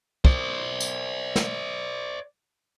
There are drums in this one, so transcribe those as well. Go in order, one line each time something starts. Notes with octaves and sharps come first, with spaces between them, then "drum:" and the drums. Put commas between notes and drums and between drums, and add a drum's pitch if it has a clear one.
C5 D5, drum: kick
drum: tambourine
drum: snare